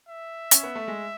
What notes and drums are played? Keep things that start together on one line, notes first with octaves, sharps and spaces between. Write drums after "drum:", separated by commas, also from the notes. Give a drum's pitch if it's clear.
E5
C#4, drum: hi-hat
B3
A3
G#3